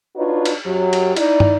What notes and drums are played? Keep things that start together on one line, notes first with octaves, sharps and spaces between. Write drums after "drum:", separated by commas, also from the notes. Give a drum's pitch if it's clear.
D4 D#4 F4 F#4 B4 C#5
drum: cymbal
F#2 F#3 G4
drum: cymbal
D#4 E4 D5, drum: cymbal
drum: tom